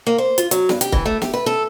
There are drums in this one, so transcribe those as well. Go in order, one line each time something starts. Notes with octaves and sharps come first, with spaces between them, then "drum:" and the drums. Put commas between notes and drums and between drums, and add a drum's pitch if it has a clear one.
A#3
C5
F4, drum: hi-hat
F#3, drum: hi-hat
G2, drum: snare
G4, drum: hi-hat
E3, drum: kick
A3
G4, drum: snare
B4
A4